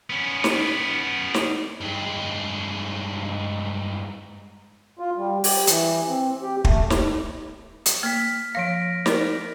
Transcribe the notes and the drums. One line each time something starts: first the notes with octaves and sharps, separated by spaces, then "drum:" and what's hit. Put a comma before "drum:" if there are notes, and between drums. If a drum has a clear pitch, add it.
B3 C#4
drum: snare
drum: snare
G2 G#3
F4
G3
G4, drum: open hi-hat
E3, drum: hi-hat
C4
G4
A3, drum: kick
drum: snare
drum: hi-hat
A#3 F6 B6
F3 F5 A#6 D7
A#4 C5 D5, drum: snare